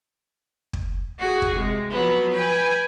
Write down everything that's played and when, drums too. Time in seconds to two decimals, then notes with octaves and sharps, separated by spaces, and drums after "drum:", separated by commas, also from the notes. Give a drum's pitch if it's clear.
0.73 drum: kick
1.19 F#4 G#4
1.42 drum: kick
1.55 C3 G#3
1.90 F3 F#3 B3
2.34 B4 G5 G#5